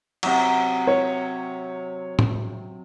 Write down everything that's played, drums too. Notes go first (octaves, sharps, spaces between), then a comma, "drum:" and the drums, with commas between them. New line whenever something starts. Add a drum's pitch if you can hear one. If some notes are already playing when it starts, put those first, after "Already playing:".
C3 F#3, drum: cymbal
C#5
drum: tom